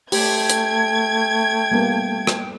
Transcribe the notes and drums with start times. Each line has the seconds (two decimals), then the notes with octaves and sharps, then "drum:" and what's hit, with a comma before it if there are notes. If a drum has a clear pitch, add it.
0.12 A3 G4 G5 G#6, drum: open hi-hat
0.50 drum: hi-hat
1.71 G3 A#3 B3
2.27 drum: rim click